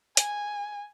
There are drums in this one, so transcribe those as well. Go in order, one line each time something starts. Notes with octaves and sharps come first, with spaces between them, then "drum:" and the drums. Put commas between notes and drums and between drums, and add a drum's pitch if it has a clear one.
G#5, drum: hi-hat